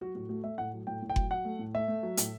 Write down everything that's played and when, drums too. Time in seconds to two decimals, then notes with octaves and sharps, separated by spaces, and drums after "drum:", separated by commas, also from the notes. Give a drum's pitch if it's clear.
0.01 F#3 F#4
0.15 A2 F#4
0.29 A3 F#4
0.44 A3 E5
0.58 A2 F#5
0.73 F#3
0.87 A2 G5
1.02 A2
1.10 G5
1.16 F#3, drum: kick F#1
1.31 F#3 F#5
1.45 A3
1.59 A2
1.74 A3 E5
1.88 A3
2.03 F#3
2.17 A2, drum: hi-hat